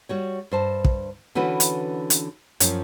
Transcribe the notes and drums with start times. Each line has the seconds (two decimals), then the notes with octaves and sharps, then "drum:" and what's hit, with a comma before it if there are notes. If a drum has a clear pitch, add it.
0.09 G3 F#4 C#5
0.51 G2 C5 A5
0.84 drum: kick
1.35 D3 E3 C#4 F#4 B4
1.60 drum: hi-hat
2.10 drum: hi-hat
2.60 F#2 F3 C#4, drum: hi-hat